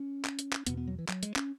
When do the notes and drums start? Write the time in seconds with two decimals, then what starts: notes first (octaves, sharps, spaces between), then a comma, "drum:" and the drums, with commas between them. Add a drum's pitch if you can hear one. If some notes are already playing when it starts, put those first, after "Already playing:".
Already playing: C#4
0.25 drum: clap
0.39 drum: hi-hat
0.53 drum: clap
0.67 E2 B2 B3, drum: hi-hat
0.77 B3
0.87 F#3
0.99 E3
1.08 F#3, drum: clap
1.23 G#3, drum: hi-hat
1.36 C#4, drum: clap